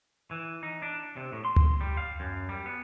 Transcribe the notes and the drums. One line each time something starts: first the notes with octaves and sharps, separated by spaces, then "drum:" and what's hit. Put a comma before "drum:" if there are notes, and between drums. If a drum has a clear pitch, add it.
E3
D#4
D4
C3
A2
C6
drum: tom D2
G3
F5
F#2
G3
B3